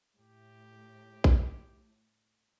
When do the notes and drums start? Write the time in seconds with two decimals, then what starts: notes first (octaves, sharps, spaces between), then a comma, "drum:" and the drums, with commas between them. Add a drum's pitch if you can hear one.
0.16 A2 G4
1.24 drum: kick A#1